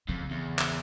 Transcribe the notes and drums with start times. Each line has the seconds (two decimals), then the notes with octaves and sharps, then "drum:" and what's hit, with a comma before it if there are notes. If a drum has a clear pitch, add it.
0.09 F2 C#3
0.31 E2
0.59 drum: clap